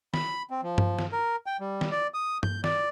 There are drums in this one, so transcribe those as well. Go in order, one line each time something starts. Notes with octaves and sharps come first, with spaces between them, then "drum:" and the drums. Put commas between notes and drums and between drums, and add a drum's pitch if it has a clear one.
B5, drum: snare
C4
F3
drum: tom G2
drum: snare
A#4
G5
G3
drum: snare
D5
D#6
G6, drum: tom G2
D5, drum: snare